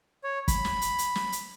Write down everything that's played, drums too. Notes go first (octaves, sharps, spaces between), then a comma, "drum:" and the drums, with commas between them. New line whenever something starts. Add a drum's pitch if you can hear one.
C#5
B5, drum: kick, hi-hat
drum: snare
drum: hi-hat
drum: hi-hat
drum: snare
drum: hi-hat